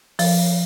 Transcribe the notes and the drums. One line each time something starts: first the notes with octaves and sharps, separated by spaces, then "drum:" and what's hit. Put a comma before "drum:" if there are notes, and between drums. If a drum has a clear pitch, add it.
F3, drum: open hi-hat